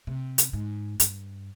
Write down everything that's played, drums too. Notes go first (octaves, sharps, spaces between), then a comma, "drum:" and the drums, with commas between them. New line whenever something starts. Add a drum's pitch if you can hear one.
C3
drum: hi-hat
G#2
G2, drum: hi-hat